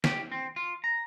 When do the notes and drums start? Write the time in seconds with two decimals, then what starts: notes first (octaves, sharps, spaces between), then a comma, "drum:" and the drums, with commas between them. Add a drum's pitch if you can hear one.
0.04 G4, drum: snare
0.32 C4
0.56 F4
0.84 A#5